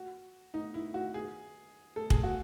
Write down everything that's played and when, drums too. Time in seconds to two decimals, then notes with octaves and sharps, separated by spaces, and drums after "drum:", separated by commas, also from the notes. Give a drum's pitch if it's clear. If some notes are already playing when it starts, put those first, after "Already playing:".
Already playing: F#4
0.54 D#4
0.74 E4
0.94 F#4
1.14 G#4
1.96 A4
2.10 G#4, drum: kick
2.23 F#4